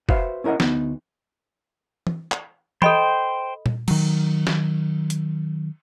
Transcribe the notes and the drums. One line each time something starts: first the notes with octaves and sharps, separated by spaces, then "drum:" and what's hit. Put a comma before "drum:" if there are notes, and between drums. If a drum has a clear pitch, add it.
F#4 B4 C5 E5 F5, drum: kick
C#4 E4 A#4 D#5 F#5
D2 B3 D#4, drum: snare
drum: tom E3
drum: clap
A4 C5 D#5 G5 B5, drum: tom E3
drum: tom A#2
D#3 F#3, drum: cymbal
drum: snare
drum: hi-hat